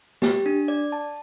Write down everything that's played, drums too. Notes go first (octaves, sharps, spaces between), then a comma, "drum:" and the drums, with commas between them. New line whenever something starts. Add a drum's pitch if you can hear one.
G4, drum: snare
D4
D5
A5